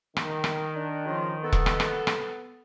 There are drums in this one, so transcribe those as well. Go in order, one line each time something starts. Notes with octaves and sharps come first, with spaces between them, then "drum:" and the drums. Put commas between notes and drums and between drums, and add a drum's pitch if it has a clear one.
D#3, drum: rim click
drum: rim click
D4
C#3 F3 F4
B3 A4
drum: kick E1
drum: rim click
drum: rim click
drum: rim click